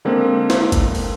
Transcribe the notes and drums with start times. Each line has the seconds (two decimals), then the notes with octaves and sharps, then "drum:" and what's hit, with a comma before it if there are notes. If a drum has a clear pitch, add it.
0.05 D3 G#3 A#3 C4
0.50 drum: snare E4
0.72 drum: kick F#1, hi-hat
0.95 drum: open hi-hat